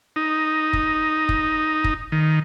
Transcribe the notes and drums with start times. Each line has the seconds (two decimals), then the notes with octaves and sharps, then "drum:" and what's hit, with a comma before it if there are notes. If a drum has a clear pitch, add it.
0.16 D#4
0.73 drum: kick
1.29 drum: kick
1.84 drum: kick
2.12 D#3